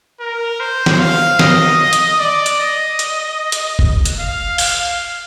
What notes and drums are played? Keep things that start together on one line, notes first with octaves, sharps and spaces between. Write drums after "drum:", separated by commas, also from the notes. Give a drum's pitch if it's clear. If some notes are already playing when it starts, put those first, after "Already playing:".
A#4
C5
drum: snare
F5
D#5, drum: snare
drum: hi-hat
D5
drum: hi-hat
D#5
drum: hi-hat
drum: hi-hat
drum: kick F#1
drum: hi-hat
F5
F5, drum: open hi-hat